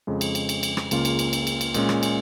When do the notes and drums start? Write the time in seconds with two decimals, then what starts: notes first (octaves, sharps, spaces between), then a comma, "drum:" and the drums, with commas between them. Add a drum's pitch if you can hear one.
0.07 F2 C#3 G#3
0.21 drum: cymbal
0.35 drum: cymbal
0.49 drum: cymbal
0.63 drum: cymbal
0.77 drum: rim click
0.91 C#2 C#3 A#3 F4, drum: cymbal
1.05 drum: cymbal
1.19 drum: cymbal
1.33 drum: cymbal
1.47 drum: cymbal
1.61 drum: cymbal
1.74 A#2 G#3 C#4, drum: cymbal
1.89 drum: rim click
2.03 drum: cymbal